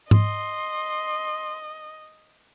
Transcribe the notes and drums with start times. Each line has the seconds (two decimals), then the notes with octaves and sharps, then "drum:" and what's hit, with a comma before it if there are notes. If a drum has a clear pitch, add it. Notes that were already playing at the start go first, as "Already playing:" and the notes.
0.11 D#5 C6, drum: tom G#2